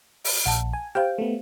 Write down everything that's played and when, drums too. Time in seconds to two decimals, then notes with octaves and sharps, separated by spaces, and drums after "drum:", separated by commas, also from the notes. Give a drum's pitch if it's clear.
0.25 drum: open hi-hat
0.46 A#1 F#5 A5
0.73 G#5
0.95 G4 C5 F5 G5
1.18 A3 B3